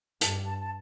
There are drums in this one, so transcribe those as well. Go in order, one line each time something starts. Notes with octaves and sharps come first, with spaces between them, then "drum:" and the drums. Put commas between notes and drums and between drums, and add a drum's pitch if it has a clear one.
G2 A5, drum: hi-hat
A5
A5